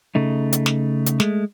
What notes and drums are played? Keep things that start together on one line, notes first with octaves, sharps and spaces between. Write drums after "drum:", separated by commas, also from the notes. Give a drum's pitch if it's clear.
C#3 A3 D#4
drum: hi-hat
drum: snare
drum: hi-hat
G#3 A3, drum: snare